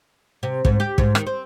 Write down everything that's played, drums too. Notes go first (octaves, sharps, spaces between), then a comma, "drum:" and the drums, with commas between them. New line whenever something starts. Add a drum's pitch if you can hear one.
C3
G#2, drum: kick
G4
G#2, drum: kick
D#3, drum: rim click
C4